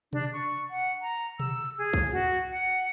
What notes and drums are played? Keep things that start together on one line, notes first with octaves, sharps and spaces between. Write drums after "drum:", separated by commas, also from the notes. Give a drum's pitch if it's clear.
D4, drum: tom B2
C#6
F#5
A#5
E6, drum: tom B2
G#4
drum: kick
F#4
F#5